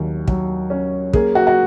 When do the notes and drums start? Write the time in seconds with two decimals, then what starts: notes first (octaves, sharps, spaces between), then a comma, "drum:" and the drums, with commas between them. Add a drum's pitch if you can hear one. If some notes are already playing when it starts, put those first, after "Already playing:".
Already playing: D#2 F#3
0.28 F#3, drum: kick
0.70 C#4
1.13 A#3 G#4, drum: kick
1.35 F#4
1.47 F#4